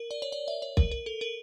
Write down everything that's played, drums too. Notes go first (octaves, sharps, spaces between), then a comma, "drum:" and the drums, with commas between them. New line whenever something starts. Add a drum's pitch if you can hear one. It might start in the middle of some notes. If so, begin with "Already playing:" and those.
Already playing: A#4
D5
C#5
D5
E5
C#5
A#4, drum: kick
A#4
A4
A#4